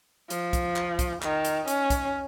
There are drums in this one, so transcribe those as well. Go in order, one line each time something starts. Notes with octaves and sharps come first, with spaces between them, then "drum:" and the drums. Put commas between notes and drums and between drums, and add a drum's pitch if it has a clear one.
F3, drum: hi-hat
drum: kick, hi-hat
drum: clap
drum: kick, hi-hat
D#3, drum: clap
drum: hi-hat
C#4, drum: hi-hat
drum: kick, hi-hat